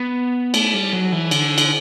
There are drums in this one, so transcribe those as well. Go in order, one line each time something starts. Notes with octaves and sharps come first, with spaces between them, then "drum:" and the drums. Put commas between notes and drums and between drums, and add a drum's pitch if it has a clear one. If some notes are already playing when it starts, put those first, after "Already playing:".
Already playing: B3
A3, drum: cymbal
G3
F#3
E3
D3, drum: cymbal
drum: cymbal